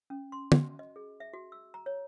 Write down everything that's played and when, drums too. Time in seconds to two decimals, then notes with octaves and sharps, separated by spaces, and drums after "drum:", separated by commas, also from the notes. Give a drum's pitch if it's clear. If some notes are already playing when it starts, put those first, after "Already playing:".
0.10 C#4
0.32 C6
0.52 F#4, drum: tom
0.79 D#5
0.96 G#4
1.20 E5
1.33 F#4
1.52 E6
1.74 A#5
1.86 C#5